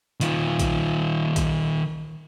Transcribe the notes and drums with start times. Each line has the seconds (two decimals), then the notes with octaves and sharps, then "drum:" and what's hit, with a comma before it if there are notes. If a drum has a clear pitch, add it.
0.21 D#3 F4, drum: hi-hat
0.59 drum: kick A#1, hi-hat
1.36 drum: kick A#1, hi-hat